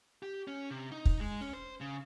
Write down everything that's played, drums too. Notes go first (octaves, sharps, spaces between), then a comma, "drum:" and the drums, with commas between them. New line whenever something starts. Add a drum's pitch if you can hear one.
G4
C#4
C3
D#4
drum: kick
G#3
C#4
C5
C#3